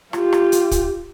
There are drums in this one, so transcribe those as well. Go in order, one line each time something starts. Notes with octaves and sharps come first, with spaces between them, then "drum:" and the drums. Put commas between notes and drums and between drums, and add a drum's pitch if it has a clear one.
F4 G4, drum: rim click
drum: rim click
drum: hi-hat
drum: kick, hi-hat